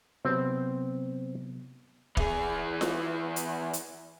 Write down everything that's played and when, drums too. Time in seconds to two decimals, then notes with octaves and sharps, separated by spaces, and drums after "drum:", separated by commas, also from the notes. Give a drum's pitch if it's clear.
0.25 C3 F#3 B3 C4
2.17 E3 G#4, drum: kick
2.81 drum: snare F4
3.36 drum: hi-hat
3.73 drum: hi-hat